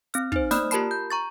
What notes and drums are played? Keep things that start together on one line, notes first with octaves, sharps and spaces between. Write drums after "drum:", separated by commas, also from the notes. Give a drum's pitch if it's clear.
C4 F6, drum: hi-hat
D#4 C5, drum: kick
A#3 D5 B5 D#6 F6 F#6, drum: snare
F4 G4 A#4 A5 B5 C7, drum: hi-hat
G6
A#5 C#6 A6